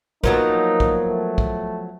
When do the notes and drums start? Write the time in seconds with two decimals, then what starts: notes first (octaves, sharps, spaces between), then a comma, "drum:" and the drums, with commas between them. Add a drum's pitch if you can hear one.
0.24 F3 F#3 A#3 B3 D#4, drum: kick
0.80 drum: kick
1.09 A3
1.38 drum: kick